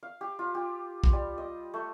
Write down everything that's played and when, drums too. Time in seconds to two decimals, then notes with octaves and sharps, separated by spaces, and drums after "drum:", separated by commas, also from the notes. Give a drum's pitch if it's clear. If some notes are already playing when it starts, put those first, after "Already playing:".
0.03 F5
0.21 G4
0.39 F4
0.55 G4
1.04 drum: kick
1.13 G3
1.38 D#5
1.74 A3